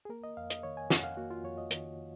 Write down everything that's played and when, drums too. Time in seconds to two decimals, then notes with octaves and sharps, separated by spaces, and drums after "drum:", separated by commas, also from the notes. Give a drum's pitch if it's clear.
0.05 G#4
0.09 A#3 A#4
0.24 D#5
0.37 F2 F5
0.50 D#5, drum: hi-hat
0.63 D#3 C#5
0.77 G#5
0.90 F2 F#5, drum: snare
1.04 F5
1.17 A#3 F#4
1.31 F4
1.44 F2 C#5
1.58 D#5
1.71 D#3, drum: hi-hat